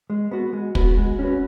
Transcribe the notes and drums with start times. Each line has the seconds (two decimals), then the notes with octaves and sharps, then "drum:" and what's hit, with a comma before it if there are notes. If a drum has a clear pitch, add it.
0.10 G#3
0.31 B3 F#4 B4
0.53 G#3
0.75 B3 F#4 B4, drum: kick
0.97 G#3
1.19 C#4 F#4 B4